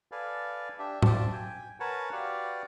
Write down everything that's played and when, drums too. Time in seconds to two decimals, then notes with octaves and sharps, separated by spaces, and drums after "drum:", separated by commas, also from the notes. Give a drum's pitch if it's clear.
0.12 A4 B4 D5 F5 G#5
0.79 D4 G4 E5
1.02 C4 D4 F4 E5 A5 D6, drum: tom A2
1.32 G5 G#5
1.80 A#4 B4 C#5 F#5 G#5 A5
2.12 F#4 G4 B4 D5 F5 F#5